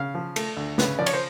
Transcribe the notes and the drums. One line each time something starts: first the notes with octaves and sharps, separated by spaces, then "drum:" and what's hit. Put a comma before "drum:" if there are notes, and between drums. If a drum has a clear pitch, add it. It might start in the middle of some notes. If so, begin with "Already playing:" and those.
Already playing: C#3 F5
F3
A3, drum: cymbal
D2
C#3 B4, drum: snare
F3 D5
C#5, drum: cymbal
C5